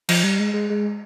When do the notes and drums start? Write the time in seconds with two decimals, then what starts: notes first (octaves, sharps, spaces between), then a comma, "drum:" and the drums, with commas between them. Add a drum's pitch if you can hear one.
0.09 F3, drum: cymbal
0.24 G3
0.39 G#3
0.54 G#3
0.70 G#3